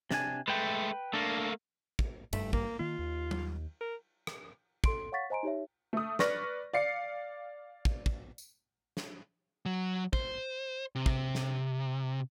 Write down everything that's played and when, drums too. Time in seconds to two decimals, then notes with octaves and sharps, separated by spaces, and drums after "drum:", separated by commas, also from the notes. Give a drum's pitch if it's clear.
0.11 C3 D4 G#5, drum: snare
0.48 G#3 A3 B4 G5
1.14 A3 A#3 D4
1.99 drum: kick
2.33 F#1 G2 G3 A3, drum: cymbal
2.53 A#3, drum: kick
2.79 D#3 A#3 F4
2.99 D#2
3.31 drum: tom F#3
3.81 A#4
4.27 drum: rim click
4.84 A4 C6 D7, drum: kick
5.12 C#5 F5 F#5 C#6 A6 B6
5.30 C5 D#5 G#5 A#5 C6 D7
5.43 D#4 G4 C#5 E5
5.93 A3 D#6
6.19 B4 D5 C#6 F6 A#6, drum: snare
6.73 D5 F5 C7 C#7
7.85 drum: kick
8.06 drum: kick
8.38 drum: tambourine
8.97 drum: snare
9.66 F#3
10.13 C5, drum: kick
10.95 C3
11.06 drum: kick
11.35 drum: snare